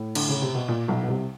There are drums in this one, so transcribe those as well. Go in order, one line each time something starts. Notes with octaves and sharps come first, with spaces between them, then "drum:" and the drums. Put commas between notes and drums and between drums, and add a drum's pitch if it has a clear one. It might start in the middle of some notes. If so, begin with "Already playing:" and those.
Already playing: A2
D3, drum: cymbal
C#3
C3
B2
A#2
B1 B2
B2
C2 C3